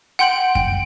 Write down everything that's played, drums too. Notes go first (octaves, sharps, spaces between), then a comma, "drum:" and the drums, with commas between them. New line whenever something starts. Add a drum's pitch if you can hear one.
F#5 G5 C6 G6 D7 F#7
G5, drum: kick F#2